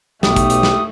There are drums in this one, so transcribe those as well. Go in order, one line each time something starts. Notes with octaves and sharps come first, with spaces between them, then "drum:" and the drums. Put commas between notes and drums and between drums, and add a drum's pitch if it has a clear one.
B1 A3 G4 D#6, drum: snare
drum: kick, hi-hat
drum: hi-hat
drum: snare